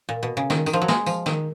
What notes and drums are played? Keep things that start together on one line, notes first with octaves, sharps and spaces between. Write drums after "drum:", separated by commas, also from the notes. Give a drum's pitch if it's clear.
A#2
B2
C#3
D#3, drum: snare
D#3, drum: tambourine
F3
F#3
G#3, drum: snare
F3, drum: tambourine
D#3, drum: snare